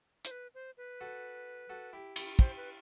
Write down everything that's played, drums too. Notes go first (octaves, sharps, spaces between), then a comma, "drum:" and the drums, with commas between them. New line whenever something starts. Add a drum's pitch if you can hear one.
C5, drum: hi-hat
B4
C5
B4
F#4 A4
F#4 A4
E4 G4
E4 G4, drum: cymbal
E4 G4 C5, drum: kick
B4